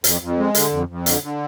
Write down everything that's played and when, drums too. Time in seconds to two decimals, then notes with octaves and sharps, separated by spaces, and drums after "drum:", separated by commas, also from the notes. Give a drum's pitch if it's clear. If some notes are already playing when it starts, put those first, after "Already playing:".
0.04 F2, drum: hi-hat
0.21 F2
0.39 G#3
0.55 D3, drum: hi-hat
0.72 F2
0.88 F2
1.06 D3, drum: hi-hat
1.23 D3